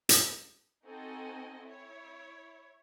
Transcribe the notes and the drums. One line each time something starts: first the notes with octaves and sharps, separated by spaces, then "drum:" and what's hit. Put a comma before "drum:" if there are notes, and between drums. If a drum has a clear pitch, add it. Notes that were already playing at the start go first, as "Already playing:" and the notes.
drum: hi-hat
C4 D#4 F#4 A4 D#5 G#5
E4 C#5